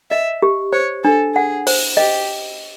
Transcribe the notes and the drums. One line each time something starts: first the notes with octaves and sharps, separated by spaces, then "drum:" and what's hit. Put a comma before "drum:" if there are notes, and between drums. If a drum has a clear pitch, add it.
D#5 E5
G4
C5 C#5
D4 A4
G#4 F#5
C5, drum: open hi-hat
G4 D#5